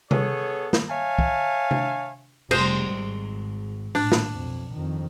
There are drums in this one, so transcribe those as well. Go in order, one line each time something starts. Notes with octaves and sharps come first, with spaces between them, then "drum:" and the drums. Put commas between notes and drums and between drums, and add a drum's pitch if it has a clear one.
B3 G#4 A4 C#5, drum: tom C3
drum: snare
C#5 E5 F5 G#5 A5
drum: kick
drum: tom C3
F1 G3 G#3 C5 D#5, drum: cymbal
G#1
A#1 A2 D4, drum: open hi-hat
drum: snare
B1 F2
F2 D#3